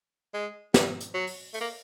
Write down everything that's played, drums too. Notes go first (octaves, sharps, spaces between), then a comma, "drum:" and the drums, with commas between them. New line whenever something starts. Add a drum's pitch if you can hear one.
G#3
G3, drum: snare
drum: hi-hat
F#3
drum: open hi-hat
A3, drum: open hi-hat
A#3